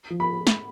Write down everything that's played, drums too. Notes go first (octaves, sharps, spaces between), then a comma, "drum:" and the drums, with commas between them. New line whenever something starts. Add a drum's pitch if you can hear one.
F3
B5
drum: snare